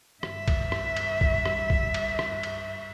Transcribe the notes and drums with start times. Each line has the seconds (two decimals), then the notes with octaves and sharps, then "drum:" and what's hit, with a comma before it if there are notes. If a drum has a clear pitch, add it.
0.23 G2 E5, drum: rim click
0.48 drum: kick, cymbal
0.72 drum: rim click
0.97 drum: cymbal
1.21 drum: kick
1.45 drum: rim click
1.70 drum: kick
1.94 drum: cymbal
2.19 drum: rim click
2.43 drum: cymbal